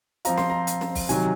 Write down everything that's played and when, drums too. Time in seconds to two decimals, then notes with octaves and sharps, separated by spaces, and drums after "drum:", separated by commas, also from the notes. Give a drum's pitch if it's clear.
0.25 F3 C4 F4 A#5, drum: hi-hat
0.38 C6, drum: snare
0.50 A#5
0.67 drum: hi-hat
0.81 drum: snare
0.95 drum: kick B1, open hi-hat
1.09 C3 D#3 F#3 G#5, drum: hi-hat